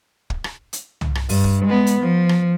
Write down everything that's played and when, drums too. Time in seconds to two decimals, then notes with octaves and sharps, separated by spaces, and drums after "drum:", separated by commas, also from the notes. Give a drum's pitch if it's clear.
0.30 drum: kick
0.44 drum: rim click
0.73 drum: hi-hat
1.01 drum: tom
1.15 drum: rim click
1.29 G2, drum: open hi-hat
1.44 drum: kick
1.65 G#3 B3
1.87 drum: hi-hat
2.01 F3
2.29 drum: rim click